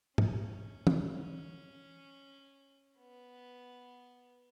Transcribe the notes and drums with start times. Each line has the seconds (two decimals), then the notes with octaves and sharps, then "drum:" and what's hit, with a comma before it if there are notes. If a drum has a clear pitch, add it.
0.18 C#4, drum: tom
0.87 drum: tom
2.98 B3